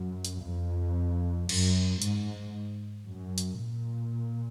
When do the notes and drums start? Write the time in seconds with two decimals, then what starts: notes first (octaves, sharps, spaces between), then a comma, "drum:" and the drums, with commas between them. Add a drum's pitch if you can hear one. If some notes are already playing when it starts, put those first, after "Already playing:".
Already playing: F#2
0.25 drum: hi-hat
0.44 F2
1.49 F#2, drum: cymbal
2.02 G#2, drum: hi-hat
3.08 F#2
3.38 drum: hi-hat
3.61 A#2